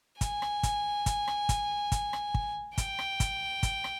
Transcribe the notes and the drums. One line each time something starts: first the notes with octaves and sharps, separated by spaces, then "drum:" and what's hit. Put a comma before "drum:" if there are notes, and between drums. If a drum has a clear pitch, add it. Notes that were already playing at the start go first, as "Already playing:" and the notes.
G#5, drum: kick, hi-hat
drum: rim click
drum: kick, hi-hat
drum: kick, hi-hat
drum: rim click
drum: kick, hi-hat
drum: kick, hi-hat
drum: rim click
drum: kick
G5, drum: kick, hi-hat
drum: rim click
drum: kick, hi-hat
drum: kick, hi-hat
drum: rim click